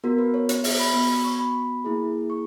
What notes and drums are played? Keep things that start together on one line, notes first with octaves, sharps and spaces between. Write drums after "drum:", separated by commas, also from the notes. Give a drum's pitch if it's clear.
B3 F#4 A#4
B4
C#5
C#5, drum: hi-hat
E5, drum: open hi-hat
B5
B3 F#4 B5
C#6
B5
A#3 E4 G#4
C#6